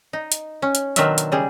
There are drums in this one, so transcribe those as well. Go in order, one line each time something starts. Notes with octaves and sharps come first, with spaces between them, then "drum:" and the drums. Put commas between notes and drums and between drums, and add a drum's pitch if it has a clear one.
D#4
drum: hi-hat
C#4
drum: hi-hat
B2 D#3 F#3 D4 F4 E5, drum: hi-hat
drum: hi-hat
C#3 G3 G#4